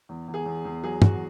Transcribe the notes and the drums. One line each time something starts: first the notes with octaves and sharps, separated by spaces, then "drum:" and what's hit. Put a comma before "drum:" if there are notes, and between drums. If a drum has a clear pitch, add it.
E2
E2
G#4
E2
E2
F#3 G#4
E2 F#4, drum: tom